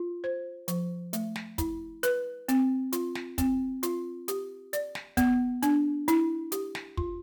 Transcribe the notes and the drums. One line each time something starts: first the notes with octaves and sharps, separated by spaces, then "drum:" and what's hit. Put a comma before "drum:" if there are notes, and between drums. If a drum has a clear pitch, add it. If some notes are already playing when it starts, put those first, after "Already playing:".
Already playing: F4
C5
F3, drum: hi-hat
A3, drum: hi-hat
drum: snare
E4, drum: kick, hi-hat
B4, drum: hi-hat
C4, drum: hi-hat
F4, drum: hi-hat
drum: snare
C4, drum: kick, hi-hat
F4, drum: hi-hat
G4, drum: hi-hat
D5, drum: hi-hat
drum: snare
B3, drum: kick, hi-hat
D4, drum: hi-hat
E4, drum: hi-hat
G4, drum: hi-hat
drum: snare
F4, drum: kick